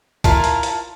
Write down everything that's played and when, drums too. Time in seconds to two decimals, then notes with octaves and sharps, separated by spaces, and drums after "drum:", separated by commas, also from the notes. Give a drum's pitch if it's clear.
0.24 E4 F4 A#4 A5, drum: kick, hi-hat
0.44 drum: hi-hat
0.63 drum: hi-hat